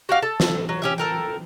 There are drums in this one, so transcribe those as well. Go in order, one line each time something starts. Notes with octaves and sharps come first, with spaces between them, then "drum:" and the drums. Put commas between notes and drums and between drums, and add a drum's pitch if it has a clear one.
F#4 G4 F5
A4
drum: snare
F#3
C#4 G4 E5
A4 A#4 G5